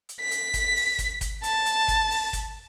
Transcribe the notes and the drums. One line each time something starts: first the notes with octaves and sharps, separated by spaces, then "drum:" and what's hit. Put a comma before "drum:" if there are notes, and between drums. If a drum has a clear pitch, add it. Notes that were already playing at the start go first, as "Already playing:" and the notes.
drum: hi-hat
B6
drum: hi-hat
drum: kick, hi-hat
drum: open hi-hat
drum: kick, hi-hat
drum: kick, hi-hat
A5, drum: hi-hat
drum: hi-hat
drum: kick, hi-hat
drum: open hi-hat
drum: kick, hi-hat